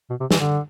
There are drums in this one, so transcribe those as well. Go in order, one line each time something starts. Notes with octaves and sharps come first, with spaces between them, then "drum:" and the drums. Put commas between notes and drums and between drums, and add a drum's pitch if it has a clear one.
B2
C3
E3, drum: snare
D3